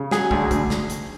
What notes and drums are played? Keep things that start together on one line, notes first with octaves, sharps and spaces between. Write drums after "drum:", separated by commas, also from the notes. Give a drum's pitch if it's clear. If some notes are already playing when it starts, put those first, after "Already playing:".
Already playing: C#3
F#3 G#4, drum: snare
D2, drum: kick
D2, drum: kick, hi-hat
drum: snare
drum: hi-hat